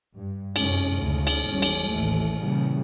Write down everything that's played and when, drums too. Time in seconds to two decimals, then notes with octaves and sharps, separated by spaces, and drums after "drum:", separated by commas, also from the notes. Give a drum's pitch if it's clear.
0.16 G2
0.56 F#2 C3 G#3 C#4, drum: cymbal
1.02 D2 C#3
1.27 drum: cymbal
1.51 G#1 E2 G3 C#4
1.62 drum: cymbal
1.91 A1 D#2 E3 A3
2.42 A#2 C#3 E3 G3